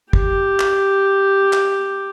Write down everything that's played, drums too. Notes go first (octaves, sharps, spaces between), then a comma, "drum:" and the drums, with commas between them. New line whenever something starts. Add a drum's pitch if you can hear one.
G4, drum: kick
drum: clap
drum: clap